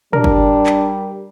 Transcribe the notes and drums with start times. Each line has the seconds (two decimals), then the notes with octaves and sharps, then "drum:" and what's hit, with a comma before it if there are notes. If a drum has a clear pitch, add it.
0.13 G3 D4 A#4, drum: tom
0.24 drum: kick
0.66 drum: clap